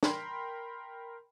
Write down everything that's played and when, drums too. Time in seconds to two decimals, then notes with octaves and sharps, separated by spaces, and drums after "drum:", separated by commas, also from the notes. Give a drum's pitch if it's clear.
0.03 A#4 G5 B5 C6, drum: snare